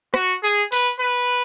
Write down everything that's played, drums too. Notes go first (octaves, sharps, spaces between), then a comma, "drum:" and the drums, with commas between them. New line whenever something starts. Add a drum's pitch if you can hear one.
F#4, drum: rim click
G#4
B4, drum: open hi-hat
B4